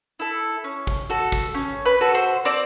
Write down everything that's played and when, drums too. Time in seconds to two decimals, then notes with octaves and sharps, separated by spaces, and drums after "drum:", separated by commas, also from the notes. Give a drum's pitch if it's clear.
0.19 E4 A4
0.64 C#4
0.87 drum: kick
1.10 F#4 A4
1.32 drum: kick
1.54 C#4
1.86 B4
2.01 F#4 A4
2.15 C5
2.45 C4 D5